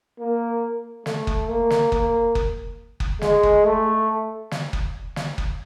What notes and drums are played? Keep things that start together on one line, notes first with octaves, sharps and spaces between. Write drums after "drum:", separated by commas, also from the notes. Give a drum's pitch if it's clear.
A#3
A3, drum: snare
drum: kick F#1
A#3
drum: snare
A#3, drum: kick F#1
drum: kick F#1
drum: kick F#1
G#3, drum: snare
drum: kick F#1
A3
drum: snare
drum: kick F#1
drum: snare
drum: kick F#1